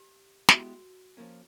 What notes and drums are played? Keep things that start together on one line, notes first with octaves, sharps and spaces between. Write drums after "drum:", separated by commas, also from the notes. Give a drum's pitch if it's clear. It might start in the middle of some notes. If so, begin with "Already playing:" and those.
Already playing: G4
G#3 B3 E4 F#4 G4, drum: snare
F3 A#3 C#4